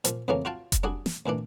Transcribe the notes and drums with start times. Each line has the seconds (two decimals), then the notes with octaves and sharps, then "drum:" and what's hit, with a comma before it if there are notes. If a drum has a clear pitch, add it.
0.05 A#2 F3, drum: hi-hat
0.28 F2 C#3 E3 A3 A#3 C#4
0.45 F4 F#4 F5 G5 A5
0.72 drum: kick F1, hi-hat
0.83 G3 D4 F#4 G#4
1.06 drum: snare
1.26 D2 A#2 E3 D4